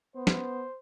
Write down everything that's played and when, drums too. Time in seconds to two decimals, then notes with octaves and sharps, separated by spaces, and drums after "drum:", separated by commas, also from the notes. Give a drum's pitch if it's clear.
0.16 B3 C5
0.27 drum: snare